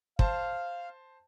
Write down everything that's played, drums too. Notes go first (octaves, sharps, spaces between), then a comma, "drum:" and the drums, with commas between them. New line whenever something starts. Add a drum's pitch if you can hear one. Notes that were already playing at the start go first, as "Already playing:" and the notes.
C5 F5 A5, drum: kick